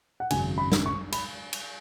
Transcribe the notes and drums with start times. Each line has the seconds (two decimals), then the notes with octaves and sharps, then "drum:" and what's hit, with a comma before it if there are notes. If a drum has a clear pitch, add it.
0.20 F#5
0.30 G#1 F#2 C#3 G#5, drum: cymbal
0.58 B5
0.72 drum: snare
0.86 C#6
1.12 B5, drum: cymbal
1.53 drum: cymbal